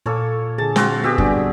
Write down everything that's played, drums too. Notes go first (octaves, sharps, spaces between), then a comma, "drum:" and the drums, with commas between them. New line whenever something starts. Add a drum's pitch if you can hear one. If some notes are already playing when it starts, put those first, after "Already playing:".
A#2 A#3 A4 C#5
D3 G#4 A5
C4 F#4 F5, drum: snare
B3 F#4 G4 D#5 E5
G3 D4 G#4, drum: kick